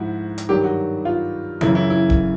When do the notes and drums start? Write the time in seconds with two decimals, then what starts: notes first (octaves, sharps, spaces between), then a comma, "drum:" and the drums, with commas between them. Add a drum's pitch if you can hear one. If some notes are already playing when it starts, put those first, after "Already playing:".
Already playing: G#2 F3 E4 F#4
0.38 drum: hi-hat
0.49 G2 D#3 F#3 G4
0.64 F#4
1.05 F4
1.61 F#2 C#3 E3 E4, drum: tom E3
1.75 E4
1.90 E4
2.10 drum: kick D#1